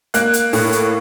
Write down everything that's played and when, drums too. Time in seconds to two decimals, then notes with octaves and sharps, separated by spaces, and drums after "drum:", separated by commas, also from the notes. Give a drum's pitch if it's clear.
0.14 A#3 F#6, drum: hi-hat
0.34 drum: hi-hat
0.53 A2, drum: open hi-hat
0.72 drum: hi-hat